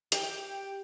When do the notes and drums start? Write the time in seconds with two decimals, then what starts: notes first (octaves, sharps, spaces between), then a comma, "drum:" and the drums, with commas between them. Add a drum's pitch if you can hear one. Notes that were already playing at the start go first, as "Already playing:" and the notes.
0.12 G4, drum: hi-hat